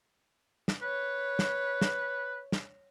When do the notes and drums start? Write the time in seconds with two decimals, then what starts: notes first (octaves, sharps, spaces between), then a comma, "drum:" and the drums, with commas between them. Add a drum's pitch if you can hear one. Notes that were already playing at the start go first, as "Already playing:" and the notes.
0.68 drum: snare
0.82 B4 C#5
1.39 drum: snare
1.81 drum: snare
2.52 drum: snare